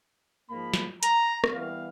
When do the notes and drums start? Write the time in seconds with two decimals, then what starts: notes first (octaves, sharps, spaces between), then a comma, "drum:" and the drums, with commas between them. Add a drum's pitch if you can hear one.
0.50 G#2 F3 A#3 B5
0.74 drum: snare
1.03 A#5, drum: hi-hat
1.44 drum: rim click
1.53 E3 G3 B3 F5